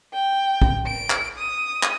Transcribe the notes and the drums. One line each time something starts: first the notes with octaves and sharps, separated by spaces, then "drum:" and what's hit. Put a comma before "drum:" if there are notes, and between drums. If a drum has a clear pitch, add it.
G5
drum: kick
D7
drum: clap
D#6
drum: clap